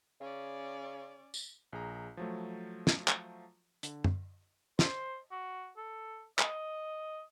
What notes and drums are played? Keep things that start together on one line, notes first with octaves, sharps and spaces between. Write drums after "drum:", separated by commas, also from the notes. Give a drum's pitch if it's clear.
C#3 C#4 D5
drum: tambourine
A#1 G#4 A#5
F3 F#3 A3
drum: snare
drum: clap
D3, drum: hi-hat
drum: tom
C5, drum: snare
F#4
A4
D#5, drum: clap